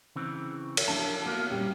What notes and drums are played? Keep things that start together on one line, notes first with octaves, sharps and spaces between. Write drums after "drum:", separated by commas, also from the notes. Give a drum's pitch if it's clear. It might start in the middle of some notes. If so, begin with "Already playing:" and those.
C#3 E3 C4
drum: cymbal
C#3 F3 D4 A5
A#3 B3 F#4 F5
A#2 G3 C#4 G4